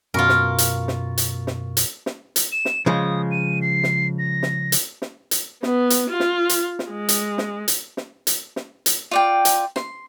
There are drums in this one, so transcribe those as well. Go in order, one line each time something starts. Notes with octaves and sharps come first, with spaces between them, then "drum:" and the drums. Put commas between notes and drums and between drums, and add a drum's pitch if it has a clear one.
F#2 B2 F4 A#4 C#6
drum: snare
drum: hi-hat
drum: snare
drum: hi-hat
drum: snare
drum: hi-hat
drum: snare
drum: hi-hat
E7
drum: snare
C#3 F3 G#3 D#6
D#7
C7
drum: snare
A#6
drum: snare
drum: hi-hat
drum: snare
drum: hi-hat
B3, drum: snare
drum: hi-hat
F4
drum: snare
drum: hi-hat
drum: snare
G#3
drum: hi-hat
drum: snare
drum: hi-hat
drum: snare
drum: hi-hat
drum: snare
drum: hi-hat
F4 D5 G5
drum: hi-hat
C6, drum: snare